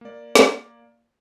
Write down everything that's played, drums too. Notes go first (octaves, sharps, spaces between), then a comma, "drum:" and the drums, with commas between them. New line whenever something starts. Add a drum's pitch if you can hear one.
A#3 D5
drum: snare